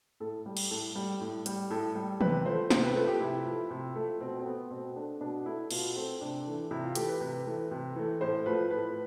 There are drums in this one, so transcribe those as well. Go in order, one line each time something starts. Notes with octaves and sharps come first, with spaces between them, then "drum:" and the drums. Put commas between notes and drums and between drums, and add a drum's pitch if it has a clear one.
A2 A4
G3
drum: cymbal
A2 A4
G3
A2
G3, drum: hi-hat
A2 A4
G3
C3 B4, drum: tom D#3
F3 A3 C5
C3 C5, drum: snare
B4
F3 A3 B4
G4
C3 E4
F3 A3
C3
F3 A3
B2 C4
C4
A3 B3
B2 C4
A3 D4
B2 D4
A3 E4
B2 F4, drum: cymbal
A3 C4
C3 D4
E3 A3
C3 E4
F4
E3 A3 G4, drum: hi-hat
B4
C3
E3 A3
C3
E3 A3
A2 C5
F3 A3 B4
A2 B4